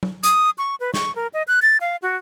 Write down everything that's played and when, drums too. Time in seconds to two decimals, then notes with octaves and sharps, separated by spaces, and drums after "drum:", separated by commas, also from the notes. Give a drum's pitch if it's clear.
0.03 drum: tom
0.23 D#6, drum: hi-hat
0.58 C#6
0.80 B4
0.94 C#6, drum: snare
1.16 A#4
1.34 D#5
1.48 F#6
1.62 A6
1.81 F5
2.02 F#4